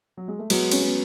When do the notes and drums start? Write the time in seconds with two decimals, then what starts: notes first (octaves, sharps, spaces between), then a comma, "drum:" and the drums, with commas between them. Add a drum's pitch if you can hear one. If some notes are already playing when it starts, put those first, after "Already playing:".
0.17 F#3
0.28 G#3
0.39 A3
0.50 F#3 G#3 B3, drum: cymbal
0.71 C#4, drum: cymbal
0.82 G#3 B3